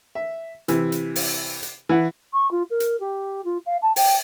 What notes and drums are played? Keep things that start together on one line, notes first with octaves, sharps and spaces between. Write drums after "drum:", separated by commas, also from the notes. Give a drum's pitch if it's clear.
E5
C3 E3, drum: hi-hat
drum: hi-hat
drum: open hi-hat
drum: hi-hat
E3 E4 F#5
C#6
F4
A#4
drum: hi-hat
G4
F4
F5
A5
G5, drum: open hi-hat